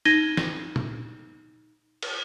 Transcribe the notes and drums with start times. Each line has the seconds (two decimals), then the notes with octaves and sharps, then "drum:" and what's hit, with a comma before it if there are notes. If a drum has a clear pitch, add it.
0.05 D#4 G#6 A#6 D#7 G7, drum: cymbal
0.37 drum: snare
0.76 drum: tom A#2
2.02 drum: cymbal